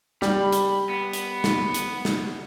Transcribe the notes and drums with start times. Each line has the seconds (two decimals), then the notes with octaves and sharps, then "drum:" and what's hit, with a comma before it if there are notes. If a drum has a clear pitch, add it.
0.22 G3 B5, drum: snare
0.52 drum: hi-hat
0.89 B3
1.13 drum: hi-hat
1.44 drum: snare
1.74 drum: hi-hat
2.05 drum: snare